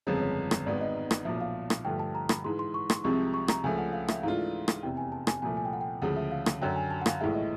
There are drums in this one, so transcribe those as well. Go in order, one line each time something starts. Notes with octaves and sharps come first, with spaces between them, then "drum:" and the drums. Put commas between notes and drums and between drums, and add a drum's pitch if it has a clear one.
G1 F2 C#3 F3 G#3 C#5
C#5
drum: rim click
G#1 G#2 D#3 G#3 B3 D5
D#5
drum: rim click
B1 A#2 F3 E5
F5
drum: rim click
G2 D3 F3 A3 G5
A5
A#5
B5, drum: rim click
G#2 E3 G#3 C6
C6
C#6
C6, drum: rim click
C2 C3 F3 G#3 C4 C#6
C#6
A#5, drum: rim click
C#2 C#3 F3 A3 G#5
F#5
F5
E5, drum: rim click
G#2 E3 A3 D4 F4 F5
F5
drum: rim click
F1 E2 C3 G5
G#5
A5
G#5, drum: rim click
C2 A#2 F3 A3 G#5
G#5
G5
F#5
G5
D2 C#3 F3 G#3 F#5
E5
F5
drum: rim click
F#2 D3 F#3 G5
G#5
A5
F#5
F5, drum: rim click
A#1 A2 E3 G#3 E5
D#5